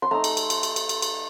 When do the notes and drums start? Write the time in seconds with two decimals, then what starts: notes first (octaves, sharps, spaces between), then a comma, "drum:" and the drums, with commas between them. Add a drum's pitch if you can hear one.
0.02 C6
0.11 A3 D#4 A#5
0.24 drum: cymbal
0.37 drum: cymbal
0.50 drum: cymbal
0.63 drum: cymbal
0.76 drum: cymbal
0.89 drum: cymbal
1.02 drum: cymbal